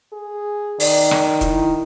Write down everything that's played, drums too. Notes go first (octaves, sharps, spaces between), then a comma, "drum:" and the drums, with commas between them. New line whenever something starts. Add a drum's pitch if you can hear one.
G#4
D#3 D5, drum: open hi-hat
drum: rim click
E4, drum: kick E1, hi-hat